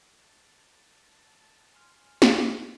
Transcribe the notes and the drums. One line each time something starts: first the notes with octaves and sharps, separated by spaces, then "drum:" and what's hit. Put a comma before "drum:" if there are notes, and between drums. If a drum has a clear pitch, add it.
A5
G#5 C6 F6
drum: snare